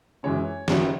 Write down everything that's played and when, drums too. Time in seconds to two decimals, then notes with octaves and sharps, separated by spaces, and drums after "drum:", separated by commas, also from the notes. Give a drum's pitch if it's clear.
0.23 F#2 E3 G#3 C#4 C#5
0.68 F#1 F#2 D#3 F#3, drum: snare